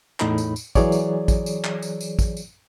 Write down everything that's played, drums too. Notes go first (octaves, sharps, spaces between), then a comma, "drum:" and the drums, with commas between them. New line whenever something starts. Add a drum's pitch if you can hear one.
E2 A2 D#4 B5, drum: clap
drum: tambourine
drum: tambourine
E3 F#3 G#4 C#5 D5, drum: kick, tambourine
drum: tambourine
drum: kick, tambourine
drum: tambourine
drum: clap
drum: tambourine
drum: tambourine
drum: kick, tambourine
drum: tambourine